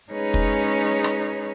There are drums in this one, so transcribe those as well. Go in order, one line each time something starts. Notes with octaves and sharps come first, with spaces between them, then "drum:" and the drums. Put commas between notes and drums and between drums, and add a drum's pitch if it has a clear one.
G#3 C#4 D#4 G#4 B4 C#5
drum: kick
drum: rim click